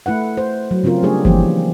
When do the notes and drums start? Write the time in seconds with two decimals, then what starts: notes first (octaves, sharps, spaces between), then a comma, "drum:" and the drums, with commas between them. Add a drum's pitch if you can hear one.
0.06 A3 E4 B4 F#5
0.37 C5
0.71 F#3
0.84 C#3 C4 C#4 F4 A#4
1.03 G3 A3 D4 G4 G#4 C#5
1.25 E3 F3 G3 A#3 G4 C5, drum: kick G1